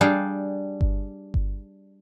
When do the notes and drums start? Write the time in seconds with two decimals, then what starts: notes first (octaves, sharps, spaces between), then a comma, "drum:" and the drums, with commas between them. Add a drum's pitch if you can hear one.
0.01 G3 D4 G#4 D5 F5 G5
0.81 drum: kick G1
1.34 drum: kick G1